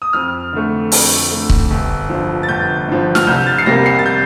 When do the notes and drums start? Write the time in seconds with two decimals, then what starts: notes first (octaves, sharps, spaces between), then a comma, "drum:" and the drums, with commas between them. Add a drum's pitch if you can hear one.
0.02 D#6
0.13 F2 F6
0.53 D3 A3
0.92 F2, drum: open hi-hat
1.31 D3 A3
1.50 drum: kick C#1
1.70 G1
2.09 G2 F3
2.43 A6
2.48 G1 G6
2.88 G2 F3
3.15 F6, drum: snare
3.27 C2 G6
3.46 A6
3.58 C7
3.66 C3 G3 A#3 A#6
3.86 C7
3.99 A6
4.06 G6